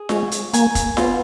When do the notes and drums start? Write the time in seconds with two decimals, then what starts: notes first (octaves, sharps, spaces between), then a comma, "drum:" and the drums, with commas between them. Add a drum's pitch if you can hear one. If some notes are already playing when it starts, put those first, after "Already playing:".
Already playing: G#4
0.09 G#3 C#5, drum: snare F4
0.31 drum: hi-hat
0.53 A#3 G#5, drum: hi-hat
0.75 drum: kick, hi-hat
0.97 B3 F4, drum: snare F4